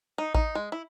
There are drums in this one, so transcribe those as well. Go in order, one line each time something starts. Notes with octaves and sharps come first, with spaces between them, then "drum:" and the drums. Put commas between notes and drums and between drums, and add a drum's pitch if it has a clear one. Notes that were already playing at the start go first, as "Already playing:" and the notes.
D#4
D#4, drum: kick A1
G#3
E4